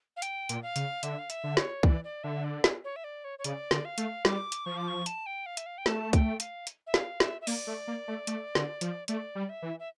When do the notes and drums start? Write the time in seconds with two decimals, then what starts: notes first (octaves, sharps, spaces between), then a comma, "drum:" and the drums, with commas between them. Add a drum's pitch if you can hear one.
0.17 F5
0.22 G5, drum: hi-hat
0.49 A#2, drum: hi-hat
0.62 F5
0.76 C#3, drum: hi-hat
1.03 D3 E5, drum: hi-hat
1.19 F5
1.30 E5, drum: hi-hat
1.44 D3
1.57 C#5, drum: snare
1.83 E3 D5, drum: kick C2
2.04 D5
2.23 D3 E5
2.44 D5
2.64 drum: snare
2.84 C#5
2.96 E5
3.04 D5
3.24 C#5
3.39 C#5
3.44 C#3 D5, drum: hi-hat
3.71 D3, drum: snare
3.85 F5
3.98 A3, drum: hi-hat
4.25 G3 D6, drum: snare
4.52 drum: hi-hat
4.65 F3 C#6
4.77 D6
4.88 C#6
5.06 A5, drum: hi-hat
5.26 G5
5.46 F5
5.57 E5, drum: hi-hat
5.66 F5
5.78 G5
5.86 A3 A5, drum: snare
6.13 G5, drum: kick C2, hi-hat
6.40 F5, drum: hi-hat
6.67 drum: hi-hat
6.87 E5
6.94 F5, drum: snare
7.20 E5, drum: snare
7.41 E5
7.47 A#3 D5, drum: open hi-hat
7.67 A3
7.88 A#3
8.08 A3
8.27 A3, drum: hi-hat
8.55 D3, drum: snare
8.81 F3, drum: hi-hat
9.08 A3 D5, drum: hi-hat
9.35 G3
9.49 E5
9.62 E3
9.80 E5